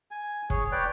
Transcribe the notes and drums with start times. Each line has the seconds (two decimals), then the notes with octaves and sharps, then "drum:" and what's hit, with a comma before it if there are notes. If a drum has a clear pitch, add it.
0.11 G#5
0.50 G#4 C#5, drum: kick
0.72 B4 C#5 D5 G5